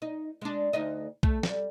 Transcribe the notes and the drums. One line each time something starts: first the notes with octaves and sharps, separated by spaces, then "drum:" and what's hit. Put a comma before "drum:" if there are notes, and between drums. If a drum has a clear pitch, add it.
D#4
G#3 D4
D2 D#4 D#5
A3, drum: kick
G3, drum: snare